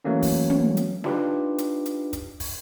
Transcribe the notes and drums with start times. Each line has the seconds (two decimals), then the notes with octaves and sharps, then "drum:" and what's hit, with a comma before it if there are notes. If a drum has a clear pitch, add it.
0.04 E3 F#3 A3 A#3 C#4
0.22 drum: kick, open hi-hat
0.50 drum: tom
0.77 drum: hi-hat
1.04 D4 D#4 F4 G4 B4, drum: snare
1.58 drum: hi-hat
1.86 drum: hi-hat
2.13 drum: kick, hi-hat
2.40 drum: kick, open hi-hat